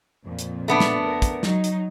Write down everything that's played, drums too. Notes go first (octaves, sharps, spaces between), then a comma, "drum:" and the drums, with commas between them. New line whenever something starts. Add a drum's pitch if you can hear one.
F2 A#2
drum: hi-hat
A3 B3 D4
drum: snare
A#4
drum: kick, hi-hat
F#3 D#4, drum: snare
drum: hi-hat